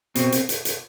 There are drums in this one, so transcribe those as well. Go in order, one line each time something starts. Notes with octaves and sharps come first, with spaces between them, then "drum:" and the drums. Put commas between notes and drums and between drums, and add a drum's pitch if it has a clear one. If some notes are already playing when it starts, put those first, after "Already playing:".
B2 C4, drum: hi-hat
drum: hi-hat
drum: hi-hat
drum: hi-hat